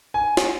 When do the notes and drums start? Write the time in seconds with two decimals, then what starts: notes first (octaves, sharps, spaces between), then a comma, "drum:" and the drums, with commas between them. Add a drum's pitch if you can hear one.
0.14 G#5
0.37 drum: snare